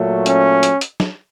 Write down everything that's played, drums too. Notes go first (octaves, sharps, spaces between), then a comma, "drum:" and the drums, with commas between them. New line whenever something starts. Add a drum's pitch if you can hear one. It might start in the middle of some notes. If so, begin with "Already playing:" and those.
Already playing: A#2 F#3 A3
C#4, drum: hi-hat
drum: hi-hat
drum: hi-hat
drum: snare